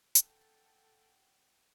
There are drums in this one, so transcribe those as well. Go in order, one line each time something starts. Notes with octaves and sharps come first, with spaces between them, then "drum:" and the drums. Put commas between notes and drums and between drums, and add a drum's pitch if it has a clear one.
A4 F#5 G5, drum: hi-hat